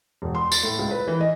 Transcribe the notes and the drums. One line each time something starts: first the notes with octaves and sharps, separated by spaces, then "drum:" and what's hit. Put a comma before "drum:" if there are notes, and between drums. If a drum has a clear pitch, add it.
E1
C6
A6, drum: tambourine
A2
C#2
B4
E3
D#5